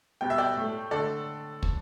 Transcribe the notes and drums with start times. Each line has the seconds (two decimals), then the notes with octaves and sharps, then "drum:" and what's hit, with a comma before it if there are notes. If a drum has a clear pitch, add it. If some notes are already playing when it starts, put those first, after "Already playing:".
0.21 B2 G3 B3 G5
0.30 E5
0.38 D5 G5
0.56 A2 A3
0.91 D3 A3 A4 D5
1.63 drum: kick